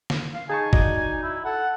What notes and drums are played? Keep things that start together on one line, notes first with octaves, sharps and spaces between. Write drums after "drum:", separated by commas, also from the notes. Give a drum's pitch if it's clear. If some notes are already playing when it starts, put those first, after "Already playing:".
drum: snare
F5
D#4 G#4 G#5 A5 C#6
F#4 D5 D#5, drum: kick
E4
A4 F#5